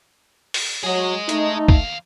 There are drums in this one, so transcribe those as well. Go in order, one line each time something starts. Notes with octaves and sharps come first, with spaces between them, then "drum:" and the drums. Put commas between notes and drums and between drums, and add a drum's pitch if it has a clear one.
drum: open hi-hat
F#3 G#4 D#5
A3 D#4, drum: hi-hat
D#2 F5, drum: kick